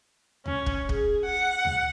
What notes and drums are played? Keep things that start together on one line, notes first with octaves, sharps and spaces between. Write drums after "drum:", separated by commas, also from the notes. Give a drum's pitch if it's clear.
C#4, drum: tom D2
drum: kick
G#4, drum: kick
F#5
drum: tom D2